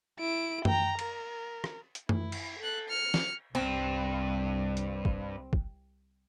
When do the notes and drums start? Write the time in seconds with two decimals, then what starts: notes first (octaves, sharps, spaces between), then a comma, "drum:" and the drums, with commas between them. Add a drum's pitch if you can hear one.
0.19 E4 D7
0.65 G5 A#5, drum: tom F#2
0.99 A#4, drum: cymbal
1.64 drum: rim click
1.95 drum: hi-hat
2.09 E4, drum: tom F#2
2.32 drum: cymbal
2.59 A4 F#6
2.89 F6 C#7
3.14 drum: snare
3.55 C2 G2 C4
4.77 drum: hi-hat
5.05 drum: kick
5.53 drum: kick